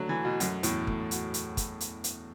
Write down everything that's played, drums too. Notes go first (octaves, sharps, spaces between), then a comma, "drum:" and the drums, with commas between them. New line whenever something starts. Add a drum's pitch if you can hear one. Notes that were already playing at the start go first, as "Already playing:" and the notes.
Already playing: D3 F#3 A3
E3
F#4
B2
F#2 A3, drum: hi-hat
E2 A2, drum: hi-hat
A3, drum: kick
F#4, drum: hi-hat
drum: hi-hat
drum: kick, hi-hat
drum: hi-hat
drum: hi-hat